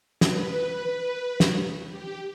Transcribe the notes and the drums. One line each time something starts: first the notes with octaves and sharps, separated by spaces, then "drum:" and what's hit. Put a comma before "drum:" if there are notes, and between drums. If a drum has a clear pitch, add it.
B4, drum: snare
drum: snare
G4